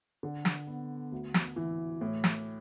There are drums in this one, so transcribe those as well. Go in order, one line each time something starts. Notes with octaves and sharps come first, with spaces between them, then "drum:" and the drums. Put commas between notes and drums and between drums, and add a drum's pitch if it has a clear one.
D3
drum: snare
B3
D2
drum: snare
E3
A2
drum: snare